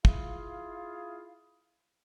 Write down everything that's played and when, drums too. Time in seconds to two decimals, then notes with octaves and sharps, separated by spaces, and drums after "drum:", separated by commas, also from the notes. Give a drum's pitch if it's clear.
0.05 E4 F4 G#4 F5, drum: kick